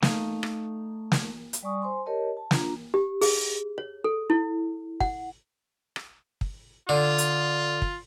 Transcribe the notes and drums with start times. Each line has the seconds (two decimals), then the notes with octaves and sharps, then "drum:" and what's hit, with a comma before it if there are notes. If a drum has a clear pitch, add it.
0.02 A3 D#4 F5, drum: snare
0.43 drum: rim click
1.12 drum: snare
1.53 drum: hi-hat
1.63 G3 D5 G#5 C#6 D#6
1.82 C5 G#5 C6
2.06 G4 A#4 C#5 D#5 A5
2.37 A5
2.51 D4 F4 A#5, drum: snare
2.94 G4
3.21 G#4, drum: open hi-hat
3.78 C#5
4.04 A4
4.30 E4
5.00 F#5, drum: kick
5.96 drum: rim click
6.41 drum: kick
6.89 D3 F4
7.18 drum: hi-hat
7.82 drum: kick